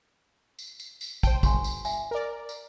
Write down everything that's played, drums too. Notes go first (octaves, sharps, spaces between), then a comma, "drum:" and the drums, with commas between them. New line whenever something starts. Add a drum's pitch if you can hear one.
drum: tambourine
drum: tambourine
drum: tambourine
C5 G5 A5, drum: kick, tambourine
G1 G#5 C6 C#6, drum: kick, tambourine
drum: tambourine
E5 G#5, drum: tambourine
A#4 D5
drum: tambourine